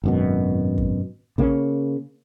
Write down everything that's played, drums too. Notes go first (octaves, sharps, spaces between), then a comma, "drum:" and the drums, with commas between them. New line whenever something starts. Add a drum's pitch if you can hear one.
G#1 F#2 B2
drum: kick
C#3 A#3 B3 C#4, drum: kick